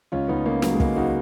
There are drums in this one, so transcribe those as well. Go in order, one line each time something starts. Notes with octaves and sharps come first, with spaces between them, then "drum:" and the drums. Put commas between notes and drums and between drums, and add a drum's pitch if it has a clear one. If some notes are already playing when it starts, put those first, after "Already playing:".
C#2 C#4 F4
C#2 B3 D#4
C#3 A#3 C#4
F#3 A#3, drum: snare
G#3
C#2 A#3, drum: kick
C#2 D#4 F#4